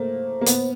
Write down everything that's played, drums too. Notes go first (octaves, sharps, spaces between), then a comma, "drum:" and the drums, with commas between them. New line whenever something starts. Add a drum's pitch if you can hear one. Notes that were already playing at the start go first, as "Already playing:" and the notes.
Already playing: A3 A#3 C5
A#3
B3, drum: hi-hat